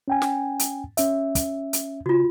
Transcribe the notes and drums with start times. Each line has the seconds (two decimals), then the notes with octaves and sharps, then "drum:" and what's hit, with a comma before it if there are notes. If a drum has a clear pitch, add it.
0.08 C#4 G5 G#5
0.22 drum: snare
0.59 drum: hi-hat
0.97 C#4 E5, drum: hi-hat
1.35 drum: kick, hi-hat
1.73 drum: hi-hat
2.06 C#3 F4 F#4